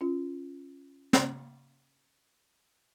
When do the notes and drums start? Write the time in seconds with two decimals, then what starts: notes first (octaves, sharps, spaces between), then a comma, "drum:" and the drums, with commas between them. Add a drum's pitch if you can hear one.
0.01 C#4 F4
1.13 drum: snare